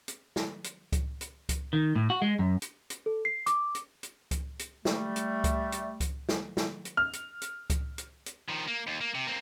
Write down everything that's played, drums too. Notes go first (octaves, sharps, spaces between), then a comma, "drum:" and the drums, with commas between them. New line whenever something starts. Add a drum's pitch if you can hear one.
drum: hi-hat
drum: snare
drum: hi-hat
drum: kick C#2, hi-hat
drum: hi-hat
drum: kick C#2, hi-hat
D#3
A2
F#4
G#3
F#2
drum: hi-hat
drum: hi-hat
A4
C7
D6, drum: hi-hat
drum: hi-hat
drum: hi-hat
drum: kick C#2, hi-hat
drum: hi-hat
G3 A3, drum: snare
drum: hi-hat
drum: kick C#2, hi-hat
drum: hi-hat
drum: kick C#2, hi-hat
drum: snare
drum: snare
drum: hi-hat
F6
drum: hi-hat
drum: hi-hat
drum: kick C#2, hi-hat
drum: hi-hat
drum: hi-hat
D#3 F3
A#3
D#2
A#3
C3
A#3 C4